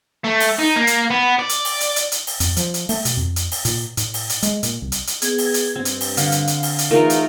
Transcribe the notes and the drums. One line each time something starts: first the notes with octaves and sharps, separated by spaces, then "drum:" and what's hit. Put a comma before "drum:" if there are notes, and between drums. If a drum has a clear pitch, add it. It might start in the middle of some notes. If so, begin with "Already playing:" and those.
A3
drum: open hi-hat
D#4
A#3
drum: hi-hat
B3
D5
drum: hi-hat
drum: open hi-hat
drum: hi-hat
drum: hi-hat
drum: hi-hat
drum: open hi-hat
F2, drum: hi-hat
F3, drum: hi-hat
drum: hi-hat
A3, drum: open hi-hat
B2, drum: hi-hat
F2
drum: hi-hat
drum: open hi-hat
A#2, drum: hi-hat
A2, drum: hi-hat
drum: open hi-hat
drum: hi-hat
G#3, drum: hi-hat
A#2, drum: hi-hat
C2
drum: hi-hat
drum: hi-hat
B3 G#4 G#6, drum: hi-hat
drum: open hi-hat
drum: hi-hat
G2 C4
drum: hi-hat
drum: open hi-hat
D3 F5, drum: hi-hat
drum: hi-hat
drum: hi-hat
drum: open hi-hat
drum: hi-hat
E2 A3 D#4 F4 A#4
drum: hi-hat